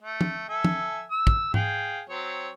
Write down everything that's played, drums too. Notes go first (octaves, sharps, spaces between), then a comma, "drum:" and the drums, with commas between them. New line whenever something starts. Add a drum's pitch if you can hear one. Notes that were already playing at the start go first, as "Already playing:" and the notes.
A3
drum: tom
A4 E5 G#5
drum: tom
E6
drum: kick
G#4 F5 G5, drum: tom G#2
F#3 C4 C#5